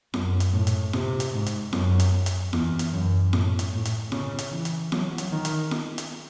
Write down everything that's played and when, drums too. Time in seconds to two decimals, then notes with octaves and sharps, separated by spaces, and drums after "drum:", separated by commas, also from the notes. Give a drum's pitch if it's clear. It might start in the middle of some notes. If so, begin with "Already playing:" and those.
0.14 F#2, drum: snare
0.40 drum: hi-hat
0.53 A2
0.67 drum: hi-hat
0.93 C3, drum: snare
1.20 drum: hi-hat
1.34 G#2
1.46 drum: hi-hat
1.73 F#2, drum: snare
2.00 drum: hi-hat
2.26 drum: hi-hat
2.53 E2, drum: snare
2.79 drum: hi-hat
2.93 F#2
3.33 A2, drum: snare
3.59 drum: hi-hat
3.72 A2
3.85 drum: hi-hat
4.12 C#3, drum: snare
4.39 drum: hi-hat
4.52 E3
4.65 drum: hi-hat
4.92 F#3, drum: snare
5.18 drum: hi-hat
5.31 D#3
5.45 drum: hi-hat
5.71 drum: snare
5.98 drum: hi-hat